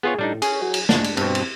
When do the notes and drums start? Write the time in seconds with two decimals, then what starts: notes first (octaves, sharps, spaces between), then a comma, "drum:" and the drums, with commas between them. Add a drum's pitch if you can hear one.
0.03 B3 F4 G#4 C#5
0.19 A2 G3 D4 D#4
0.42 C#4 G#4, drum: cymbal
0.62 F#3
0.74 drum: cymbal
0.89 G#3 D4, drum: snare
1.04 drum: cymbal
1.17 G2 B2 C4, drum: cymbal
1.35 drum: cymbal